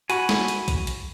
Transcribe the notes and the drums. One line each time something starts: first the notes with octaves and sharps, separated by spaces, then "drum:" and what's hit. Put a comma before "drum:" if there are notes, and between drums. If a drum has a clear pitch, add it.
F#4 G#5 B5 C#6, drum: hi-hat
drum: snare
drum: hi-hat
drum: kick A#1, hi-hat
drum: hi-hat